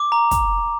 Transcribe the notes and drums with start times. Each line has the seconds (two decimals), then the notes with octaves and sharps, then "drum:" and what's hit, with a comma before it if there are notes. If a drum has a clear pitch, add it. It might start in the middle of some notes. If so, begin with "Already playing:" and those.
Already playing: D6
0.12 A#5
0.31 drum: kick, hi-hat